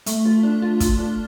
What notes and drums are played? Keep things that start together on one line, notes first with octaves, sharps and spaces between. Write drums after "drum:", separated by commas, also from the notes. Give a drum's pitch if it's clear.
A3, drum: hi-hat
F4
D4
F4
F4, drum: kick, hi-hat
D4